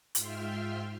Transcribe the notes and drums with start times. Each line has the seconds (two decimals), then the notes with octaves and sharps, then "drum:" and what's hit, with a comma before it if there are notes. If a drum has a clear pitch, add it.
0.15 G#2 F4 E5 G5 C6 F6, drum: hi-hat